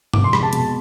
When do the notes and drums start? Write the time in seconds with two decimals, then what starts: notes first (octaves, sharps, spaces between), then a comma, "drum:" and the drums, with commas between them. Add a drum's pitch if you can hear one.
0.14 F1 D6, drum: tom G2
0.24 C6
0.33 G#3 B5, drum: rim click
0.43 A5
0.53 B2, drum: hi-hat